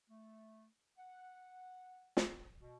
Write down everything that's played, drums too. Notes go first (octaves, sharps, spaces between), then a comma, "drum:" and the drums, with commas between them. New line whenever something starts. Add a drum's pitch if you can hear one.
A3
F#5
drum: snare
B2